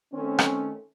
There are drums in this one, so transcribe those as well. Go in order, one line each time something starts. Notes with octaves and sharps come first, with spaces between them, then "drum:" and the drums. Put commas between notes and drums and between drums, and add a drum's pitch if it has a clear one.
D#3 A3 C4 C#4
drum: rim click